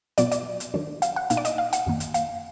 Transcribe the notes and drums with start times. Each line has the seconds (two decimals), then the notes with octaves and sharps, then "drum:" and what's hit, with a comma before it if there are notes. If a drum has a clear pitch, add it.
0.18 B2 F#3 B3 D5, drum: hi-hat
0.32 D5, drum: hi-hat
0.60 drum: hi-hat
0.74 D#3 F#3 D4
1.02 F5, drum: hi-hat
1.16 F#5
1.30 B2 A#3 D#4 F5, drum: hi-hat
1.37 D5
1.45 D#5, drum: hi-hat
1.58 F5
1.73 F#5, drum: hi-hat
1.86 F#2 D#3 A#3
2.00 drum: hi-hat
2.14 F5, drum: hi-hat